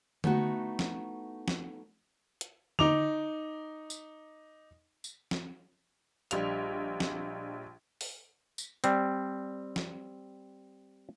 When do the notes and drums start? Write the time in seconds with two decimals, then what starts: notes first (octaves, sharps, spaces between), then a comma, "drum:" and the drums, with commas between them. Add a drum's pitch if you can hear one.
0.24 A3 B3 D#4 E4 F#4, drum: tom D3
0.79 drum: snare
1.48 drum: snare
2.41 drum: hi-hat
2.79 D#4 D6 F7, drum: tom D3
3.90 drum: tambourine
5.04 drum: tambourine
5.31 drum: snare
6.31 A#1 G3 D4 D#5 F5 F7, drum: hi-hat
7.00 drum: snare
8.01 drum: open hi-hat
8.58 drum: tambourine
8.84 G3 C4, drum: hi-hat
9.76 drum: snare